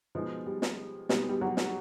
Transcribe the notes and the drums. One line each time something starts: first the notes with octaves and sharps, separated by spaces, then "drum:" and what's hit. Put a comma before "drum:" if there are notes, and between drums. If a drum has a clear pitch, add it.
B2 F3 G#3 B3 D#4
G3
drum: snare
B2 G3 G#3 B3 D#4, drum: snare
G3
F#3
drum: snare